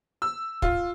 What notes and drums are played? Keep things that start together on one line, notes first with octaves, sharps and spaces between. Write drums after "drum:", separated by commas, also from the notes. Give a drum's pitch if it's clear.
E6
F4, drum: kick